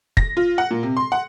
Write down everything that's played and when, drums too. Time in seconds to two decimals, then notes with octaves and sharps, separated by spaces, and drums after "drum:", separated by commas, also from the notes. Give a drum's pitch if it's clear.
0.17 A#6, drum: kick
0.37 F4
0.58 F#5
0.71 A#2
0.83 C3
0.97 C6
1.12 F#5